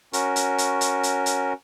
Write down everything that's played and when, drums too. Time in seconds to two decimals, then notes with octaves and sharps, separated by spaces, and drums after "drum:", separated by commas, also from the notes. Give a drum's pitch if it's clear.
0.13 C#4 F#4 A#4, drum: hi-hat
0.36 drum: hi-hat
0.58 drum: hi-hat
0.81 drum: hi-hat
1.03 drum: hi-hat
1.26 drum: hi-hat